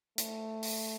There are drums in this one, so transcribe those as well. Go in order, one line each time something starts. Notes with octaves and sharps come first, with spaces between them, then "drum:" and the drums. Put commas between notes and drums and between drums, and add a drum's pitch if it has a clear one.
A3, drum: hi-hat
drum: open hi-hat